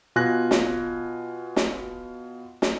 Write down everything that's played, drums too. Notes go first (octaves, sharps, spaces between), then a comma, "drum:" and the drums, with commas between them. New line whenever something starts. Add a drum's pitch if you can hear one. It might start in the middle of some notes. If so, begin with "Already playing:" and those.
B2 F4 G#5 F#6 A#6
drum: snare
drum: snare
drum: snare